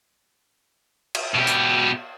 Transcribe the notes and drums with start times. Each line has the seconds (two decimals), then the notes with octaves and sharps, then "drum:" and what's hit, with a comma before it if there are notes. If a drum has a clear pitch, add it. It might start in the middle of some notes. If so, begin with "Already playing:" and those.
1.15 drum: cymbal
1.34 B2 G4
1.47 drum: hi-hat